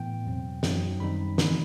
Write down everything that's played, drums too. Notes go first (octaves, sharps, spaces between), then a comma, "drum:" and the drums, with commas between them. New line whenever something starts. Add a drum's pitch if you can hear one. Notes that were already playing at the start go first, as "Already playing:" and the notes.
Already playing: A2 E3 B3 G5
E2 B2 F#3 C4
F#2 F#3 C4 D#4, drum: snare
F#2 D#3 G3 C4 D#4 B5
C3 D#3 A3 D#4, drum: snare